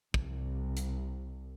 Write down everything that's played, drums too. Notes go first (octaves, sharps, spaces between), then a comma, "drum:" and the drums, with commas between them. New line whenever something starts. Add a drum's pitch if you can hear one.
C2, drum: kick
drum: hi-hat